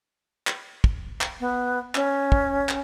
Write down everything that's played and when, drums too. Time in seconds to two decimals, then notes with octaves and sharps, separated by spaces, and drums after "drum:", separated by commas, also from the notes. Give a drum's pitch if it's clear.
0.47 drum: clap
0.84 drum: kick
1.21 drum: clap
1.40 B3
1.95 C#4, drum: clap
2.32 drum: kick
2.69 drum: clap